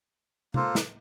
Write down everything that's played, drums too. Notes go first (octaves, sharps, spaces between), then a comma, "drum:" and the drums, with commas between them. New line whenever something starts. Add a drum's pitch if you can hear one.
A#3 F4 A4 C5, drum: tom C3
drum: snare